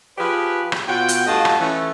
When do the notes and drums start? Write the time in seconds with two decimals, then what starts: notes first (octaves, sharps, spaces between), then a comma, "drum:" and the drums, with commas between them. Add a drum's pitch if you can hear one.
0.18 F3 G4 G#4 B4
0.72 drum: rim click
0.87 B2 F4 F#4 G5
1.08 drum: hi-hat
1.27 G2 A3 F4 F#4 D#5 A5
1.45 drum: rim click
1.59 E3 A3 C#4